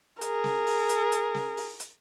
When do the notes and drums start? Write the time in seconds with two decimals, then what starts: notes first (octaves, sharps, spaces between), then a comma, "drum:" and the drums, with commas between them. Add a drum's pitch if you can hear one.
0.21 G#4 A#4, drum: hi-hat
0.44 drum: snare
0.67 drum: open hi-hat
0.89 drum: hi-hat
1.12 drum: hi-hat
1.34 drum: snare
1.57 drum: open hi-hat
1.80 drum: hi-hat